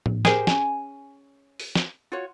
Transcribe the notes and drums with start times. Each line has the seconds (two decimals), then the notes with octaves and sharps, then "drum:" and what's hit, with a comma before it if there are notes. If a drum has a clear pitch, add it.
0.06 drum: tom A2
0.25 G4 G#4 A#4 C5, drum: snare
0.47 C#4 G#5, drum: snare
1.60 drum: open hi-hat
1.75 drum: snare
2.12 F4 F#4 C#5